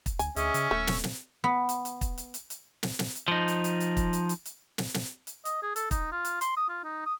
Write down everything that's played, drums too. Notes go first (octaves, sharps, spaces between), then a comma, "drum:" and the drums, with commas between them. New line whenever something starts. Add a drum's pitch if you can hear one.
drum: kick, hi-hat
D2 G#5, drum: hi-hat
D2 C#4 G#4 D#5 E5, drum: hi-hat
C#3, drum: hi-hat
D#1 A3 C#6 E6
drum: snare
drum: snare
B3
drum: hi-hat
drum: hi-hat
drum: kick, hi-hat
drum: hi-hat
drum: hi-hat
drum: hi-hat
drum: snare
drum: snare
drum: hi-hat
F3 D#4
drum: hi-hat
drum: hi-hat
drum: hi-hat
drum: kick, hi-hat
drum: hi-hat
drum: hi-hat
drum: hi-hat
drum: snare
drum: snare
drum: hi-hat
D#5, drum: hi-hat
G#4
A4, drum: hi-hat
D#4, drum: kick, hi-hat
F4
drum: hi-hat
C6, drum: hi-hat
D#6
F4
D#4
D#6